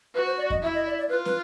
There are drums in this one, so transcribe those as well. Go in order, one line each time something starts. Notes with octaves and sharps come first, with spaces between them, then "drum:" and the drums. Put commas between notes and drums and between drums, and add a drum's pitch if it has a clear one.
F#4 B4
C5
D5
D#5, drum: kick F2
E4 E5
D#5
D5
D5
F4 B4
B4, drum: snare